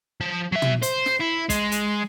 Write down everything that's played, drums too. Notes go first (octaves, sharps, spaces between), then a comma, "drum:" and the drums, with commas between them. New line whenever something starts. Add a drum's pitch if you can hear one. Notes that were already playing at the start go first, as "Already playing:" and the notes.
F3
F#3 E5
drum: tom
C5, drum: hi-hat
drum: snare
E4
G#3, drum: kick, hi-hat
drum: hi-hat